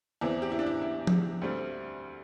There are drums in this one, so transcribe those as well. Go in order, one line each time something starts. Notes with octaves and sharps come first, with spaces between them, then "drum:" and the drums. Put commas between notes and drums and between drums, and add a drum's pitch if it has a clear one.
E2 E3 C4 E4
G4
E4
D4
E4
E4
drum: tom F3
D2 D3 G3 C4